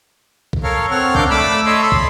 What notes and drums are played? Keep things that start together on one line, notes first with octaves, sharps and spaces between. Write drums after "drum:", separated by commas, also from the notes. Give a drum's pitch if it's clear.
drum: kick
A4 A#4 C#5 F5
C4 A4 C#5 F#5 F6
D4 A#4 D5 F5 G6, drum: kick
A3 D5 B5 D6 E6
A4 C#5 D#5 E5 C6 E6
A4 B5 C6
drum: kick